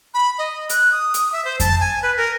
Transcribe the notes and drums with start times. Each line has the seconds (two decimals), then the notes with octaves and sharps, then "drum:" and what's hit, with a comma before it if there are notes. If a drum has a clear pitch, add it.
0.14 B5
0.38 D#5
0.70 F#6, drum: hi-hat
0.92 D#6
1.14 drum: hi-hat
1.32 E5
1.45 C5
1.60 A5, drum: kick F2, hi-hat
1.80 G#5
2.02 B4
2.17 A#4